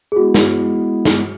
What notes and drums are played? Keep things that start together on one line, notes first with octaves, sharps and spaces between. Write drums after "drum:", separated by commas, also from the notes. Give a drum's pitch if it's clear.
G#4
G#3 B3 E4 F#4
drum: snare
drum: snare